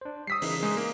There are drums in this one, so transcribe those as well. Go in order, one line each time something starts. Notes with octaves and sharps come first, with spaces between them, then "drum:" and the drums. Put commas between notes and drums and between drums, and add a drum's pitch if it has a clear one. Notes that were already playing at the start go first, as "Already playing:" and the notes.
D4 C5
G3 D#6 E6 B6 C7
C#3 E3 D#4, drum: open hi-hat
G#3 D#4 D#6
A#3